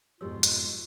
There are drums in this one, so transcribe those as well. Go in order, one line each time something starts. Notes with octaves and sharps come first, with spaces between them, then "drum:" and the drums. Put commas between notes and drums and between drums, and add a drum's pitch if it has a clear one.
F2 G#2 B2 F4 G4 C#5 E6
drum: hi-hat